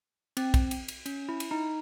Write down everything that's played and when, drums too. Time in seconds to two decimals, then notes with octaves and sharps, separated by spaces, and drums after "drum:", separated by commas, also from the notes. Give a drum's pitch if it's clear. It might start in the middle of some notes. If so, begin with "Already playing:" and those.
0.37 C4, drum: cymbal
0.54 drum: kick, cymbal
0.71 drum: cymbal
0.88 drum: cymbal
1.06 C#4, drum: cymbal
1.29 E4
1.40 drum: cymbal
1.51 D#4